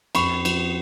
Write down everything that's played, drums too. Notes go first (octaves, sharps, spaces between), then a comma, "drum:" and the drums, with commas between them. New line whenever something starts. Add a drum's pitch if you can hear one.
F2 B5 C#6, drum: cymbal
F3, drum: cymbal